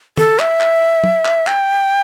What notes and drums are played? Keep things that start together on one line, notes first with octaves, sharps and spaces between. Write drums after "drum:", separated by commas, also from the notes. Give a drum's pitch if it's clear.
A4, drum: tom
E5, drum: clap
drum: clap
drum: tom
drum: clap
G5, drum: clap